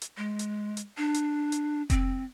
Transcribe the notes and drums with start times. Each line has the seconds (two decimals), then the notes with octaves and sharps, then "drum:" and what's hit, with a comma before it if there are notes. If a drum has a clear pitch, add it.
0.02 drum: hi-hat
0.17 G#3
0.39 drum: hi-hat
0.77 drum: hi-hat
0.97 D4
1.14 drum: hi-hat
1.52 drum: hi-hat
1.90 C4, drum: kick F1, hi-hat